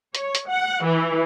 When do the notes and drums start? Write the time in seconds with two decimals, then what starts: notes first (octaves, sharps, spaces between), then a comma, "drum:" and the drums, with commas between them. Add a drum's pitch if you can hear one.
0.15 C#5, drum: hi-hat
0.35 drum: hi-hat
0.47 F#5
0.84 E3